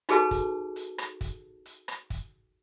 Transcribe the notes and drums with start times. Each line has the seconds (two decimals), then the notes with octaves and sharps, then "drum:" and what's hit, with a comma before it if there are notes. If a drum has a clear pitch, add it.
0.09 D#4 F#4 G#4 A4 B4 A5, drum: rim click
0.31 drum: kick, hi-hat
0.76 drum: hi-hat
0.98 drum: rim click
1.21 drum: kick, hi-hat
1.66 drum: hi-hat
1.88 drum: rim click
2.10 drum: kick, hi-hat